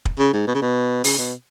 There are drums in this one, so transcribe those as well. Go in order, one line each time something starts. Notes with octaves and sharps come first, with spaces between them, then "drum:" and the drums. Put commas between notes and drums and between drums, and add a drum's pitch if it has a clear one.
drum: kick
C#3
G#2
B2
C#3
B2
C#3, drum: open hi-hat
B2